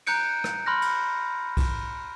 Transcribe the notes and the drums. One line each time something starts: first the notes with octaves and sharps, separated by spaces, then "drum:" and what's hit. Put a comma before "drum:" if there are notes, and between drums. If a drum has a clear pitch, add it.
A#5 F#6 G6 C#7 D7, drum: cymbal
drum: rim click
B5 C6 F6 F#6 A#6
drum: cymbal
drum: kick B1, cymbal